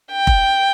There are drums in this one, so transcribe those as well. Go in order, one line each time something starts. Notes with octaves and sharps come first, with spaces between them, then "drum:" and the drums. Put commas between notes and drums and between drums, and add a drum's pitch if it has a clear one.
G5
drum: kick F1